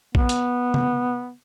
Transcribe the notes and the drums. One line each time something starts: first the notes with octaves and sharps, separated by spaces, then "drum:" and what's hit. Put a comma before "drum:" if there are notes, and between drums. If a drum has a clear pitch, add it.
B3, drum: kick A#1
drum: hi-hat
drum: tom C3